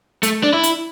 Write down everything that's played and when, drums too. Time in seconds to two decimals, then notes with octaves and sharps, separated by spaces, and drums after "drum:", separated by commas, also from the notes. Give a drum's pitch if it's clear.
0.23 A3, drum: hi-hat
0.43 D4
0.53 E4
0.63 drum: hi-hat